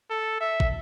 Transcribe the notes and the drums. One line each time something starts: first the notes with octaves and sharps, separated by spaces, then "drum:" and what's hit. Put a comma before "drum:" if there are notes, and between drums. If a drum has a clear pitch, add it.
A4
E5
drum: kick